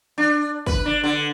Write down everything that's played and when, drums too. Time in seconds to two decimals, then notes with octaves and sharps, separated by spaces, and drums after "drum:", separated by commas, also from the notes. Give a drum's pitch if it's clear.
0.18 D4
0.66 B4, drum: kick, open hi-hat
0.85 D4
1.04 D3